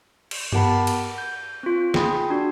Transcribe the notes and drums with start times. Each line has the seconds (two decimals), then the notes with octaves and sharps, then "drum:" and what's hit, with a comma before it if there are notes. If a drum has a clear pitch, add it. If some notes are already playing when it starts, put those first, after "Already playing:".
0.31 drum: cymbal
0.52 B3 G4 A#4 F#5 A5 B5, drum: tom G2
0.87 drum: cymbal
1.18 G6
1.63 C4 F4
1.94 G#4 G5 B5 C6 D#6, drum: snare
2.30 D4 F#4